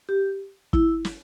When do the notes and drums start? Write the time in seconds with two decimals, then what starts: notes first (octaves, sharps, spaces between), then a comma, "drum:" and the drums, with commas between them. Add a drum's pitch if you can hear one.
0.09 G4
0.73 E4, drum: kick
1.05 drum: snare